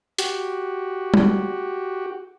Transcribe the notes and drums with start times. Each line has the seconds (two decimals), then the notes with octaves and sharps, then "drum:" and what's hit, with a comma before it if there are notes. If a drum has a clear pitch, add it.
0.19 F#4 G4, drum: hi-hat
1.14 drum: tom G3